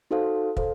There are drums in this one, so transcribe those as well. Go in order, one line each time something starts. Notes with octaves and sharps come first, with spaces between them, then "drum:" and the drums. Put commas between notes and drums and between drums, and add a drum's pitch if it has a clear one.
D#4 F#4 A4 C5 F5
A4 C5 F5, drum: kick